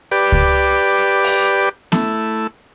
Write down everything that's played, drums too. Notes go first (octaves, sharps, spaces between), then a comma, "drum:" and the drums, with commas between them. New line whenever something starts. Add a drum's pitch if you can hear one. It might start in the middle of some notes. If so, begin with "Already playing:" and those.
G4 B4 D5
drum: kick C#2
drum: open hi-hat
A3 E4, drum: snare B3